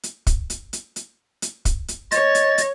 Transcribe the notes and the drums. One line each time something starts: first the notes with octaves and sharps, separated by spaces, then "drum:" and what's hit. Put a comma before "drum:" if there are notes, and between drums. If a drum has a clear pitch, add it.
drum: hi-hat
drum: kick, hi-hat
drum: hi-hat
drum: hi-hat
drum: hi-hat
drum: hi-hat
drum: kick, hi-hat
drum: hi-hat
C#5 D#5 A6, drum: hi-hat
drum: hi-hat
drum: hi-hat